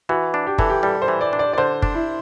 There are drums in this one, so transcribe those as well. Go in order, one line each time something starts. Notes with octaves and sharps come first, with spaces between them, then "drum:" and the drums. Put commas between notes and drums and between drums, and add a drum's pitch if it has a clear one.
E3 F#4
D4
G4
E3 A4, drum: kick
G4
G3 A4
C5
E3
D5
D4
D5
D5
D3 C5
D4, drum: kick
E4